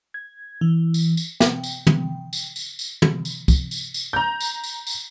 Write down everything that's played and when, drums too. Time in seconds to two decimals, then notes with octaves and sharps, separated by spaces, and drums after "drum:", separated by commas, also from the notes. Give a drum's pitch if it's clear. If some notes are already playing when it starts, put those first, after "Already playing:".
0.14 G#6
0.61 E3
0.94 drum: tambourine
1.17 drum: tambourine
1.40 G5, drum: snare
1.64 drum: tambourine
1.87 drum: tom
2.33 drum: tambourine
2.56 drum: tambourine
2.79 drum: tambourine
3.02 drum: tom
3.25 drum: tambourine
3.48 drum: kick, tambourine
3.71 drum: tambourine
3.94 drum: tambourine
4.13 A#5 G6
4.40 drum: tambourine
4.64 drum: tambourine
4.87 drum: tambourine